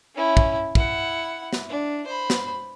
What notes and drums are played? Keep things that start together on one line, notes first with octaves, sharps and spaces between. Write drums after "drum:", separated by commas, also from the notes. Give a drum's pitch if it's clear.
C#4 E4
drum: kick
E4 F#5, drum: kick
drum: snare
D4
C5 B5
drum: snare